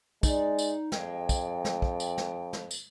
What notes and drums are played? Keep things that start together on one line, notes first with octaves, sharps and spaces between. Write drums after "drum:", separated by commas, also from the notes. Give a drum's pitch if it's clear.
G#3 D#4 D5, drum: kick, tambourine
drum: tambourine
F2 G#3 G5, drum: snare
drum: kick, tambourine
drum: snare
drum: kick
drum: tambourine
drum: snare
drum: snare
drum: tambourine